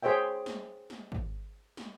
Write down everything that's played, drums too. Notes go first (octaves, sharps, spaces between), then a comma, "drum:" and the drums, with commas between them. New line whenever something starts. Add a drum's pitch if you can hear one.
G#4 C5 C#5 E5 G5
drum: snare
drum: snare
drum: kick
drum: snare